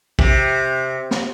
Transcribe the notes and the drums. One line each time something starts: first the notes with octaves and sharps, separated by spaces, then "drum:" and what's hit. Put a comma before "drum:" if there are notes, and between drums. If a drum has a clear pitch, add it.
C3, drum: kick
drum: snare